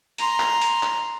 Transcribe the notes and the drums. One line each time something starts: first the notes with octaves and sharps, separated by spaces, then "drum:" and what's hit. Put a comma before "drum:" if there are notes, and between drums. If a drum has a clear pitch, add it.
A#5 C6, drum: hi-hat
drum: clap
drum: hi-hat
drum: clap